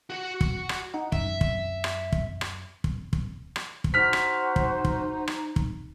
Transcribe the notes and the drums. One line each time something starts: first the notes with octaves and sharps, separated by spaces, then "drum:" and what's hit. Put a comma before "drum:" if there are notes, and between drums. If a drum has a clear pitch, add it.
F#4 F#5
drum: kick
drum: rim click
D#4 F#5
F#2 E5, drum: kick
drum: kick
drum: rim click
drum: kick
drum: rim click
drum: kick
drum: kick
drum: rim click
drum: kick
D#4 F#4 C5 F6 B6
drum: rim click
drum: kick
drum: kick
drum: rim click
drum: kick